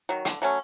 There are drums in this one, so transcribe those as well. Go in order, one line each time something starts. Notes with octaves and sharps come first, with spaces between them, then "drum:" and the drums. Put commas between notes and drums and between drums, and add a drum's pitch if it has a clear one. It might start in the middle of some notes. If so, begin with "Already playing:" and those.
D#3 F#3
D3, drum: hi-hat
F#3 A3 C#4